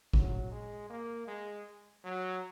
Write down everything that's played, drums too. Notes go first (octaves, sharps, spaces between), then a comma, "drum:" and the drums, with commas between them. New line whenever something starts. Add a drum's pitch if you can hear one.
F#3, drum: kick
G#3
A#3
G#3
F#3